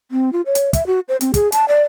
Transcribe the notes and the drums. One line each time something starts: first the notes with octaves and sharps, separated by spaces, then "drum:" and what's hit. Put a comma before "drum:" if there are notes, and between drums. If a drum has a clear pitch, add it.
C4
F4
C#5
drum: hi-hat
E5, drum: kick, hi-hat
F#4
C5
C4, drum: hi-hat
G#4, drum: kick, hi-hat
A5, drum: hi-hat
D5